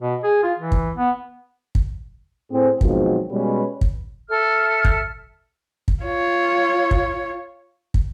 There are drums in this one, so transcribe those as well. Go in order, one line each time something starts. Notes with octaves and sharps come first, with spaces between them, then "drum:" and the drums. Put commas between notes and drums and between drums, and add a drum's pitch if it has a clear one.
B2
G#4
F4
E3
drum: kick
B3
drum: kick
A2 C4 G#4
B2 D#3 F3 F#3 G#3 C4, drum: kick
B2 G3 G#3 C#4 B4
drum: kick
A4 E5 F6
drum: kick
drum: kick
F4 C#5
drum: kick
drum: kick